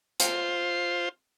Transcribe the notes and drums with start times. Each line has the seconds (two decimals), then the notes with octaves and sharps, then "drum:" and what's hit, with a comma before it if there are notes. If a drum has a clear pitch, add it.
0.20 F4 C5, drum: hi-hat